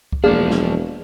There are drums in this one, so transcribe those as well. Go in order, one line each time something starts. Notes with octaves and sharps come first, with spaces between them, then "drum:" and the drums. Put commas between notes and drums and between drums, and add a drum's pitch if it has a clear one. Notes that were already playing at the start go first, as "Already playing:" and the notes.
drum: kick
E1 F3 A#3 D4 G#4 D5 F5
drum: snare